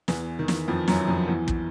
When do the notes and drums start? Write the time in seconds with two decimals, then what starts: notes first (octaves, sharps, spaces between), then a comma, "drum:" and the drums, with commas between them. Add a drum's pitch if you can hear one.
0.08 E2 E3, drum: snare
0.39 D#3
0.48 drum: snare
0.68 F2 F3
0.88 F#2 F#3, drum: snare
1.08 F2 F3
1.27 E2 E3
1.48 drum: kick